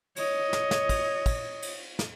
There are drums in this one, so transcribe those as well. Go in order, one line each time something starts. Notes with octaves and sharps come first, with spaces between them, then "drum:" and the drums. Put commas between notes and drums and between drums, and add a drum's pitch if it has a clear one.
C#5 D#5, drum: cymbal
drum: snare
drum: snare
drum: kick, cymbal
drum: kick, cymbal
drum: cymbal
drum: snare